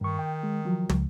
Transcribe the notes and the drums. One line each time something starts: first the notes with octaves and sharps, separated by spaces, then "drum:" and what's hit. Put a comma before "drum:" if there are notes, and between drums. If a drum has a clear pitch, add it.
G2 D#3 C#6
G5
G#3
F3 F#3
C#2, drum: tom